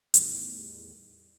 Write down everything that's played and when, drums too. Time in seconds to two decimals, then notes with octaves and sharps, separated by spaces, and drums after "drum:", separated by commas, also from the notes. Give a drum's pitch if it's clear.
0.14 E2 A2 D#3 G3, drum: hi-hat